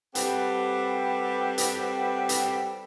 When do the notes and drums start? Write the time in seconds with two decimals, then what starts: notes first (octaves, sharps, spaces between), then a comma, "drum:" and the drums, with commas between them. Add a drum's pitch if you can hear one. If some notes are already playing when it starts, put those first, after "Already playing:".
0.15 G3 C4 G4 A4 B4 F#5, drum: hi-hat
1.58 drum: hi-hat
2.29 drum: hi-hat